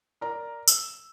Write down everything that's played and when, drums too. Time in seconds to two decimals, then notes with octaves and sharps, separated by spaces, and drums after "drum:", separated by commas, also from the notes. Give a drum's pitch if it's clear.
0.21 A#4 D5 A#5
0.68 E6, drum: tambourine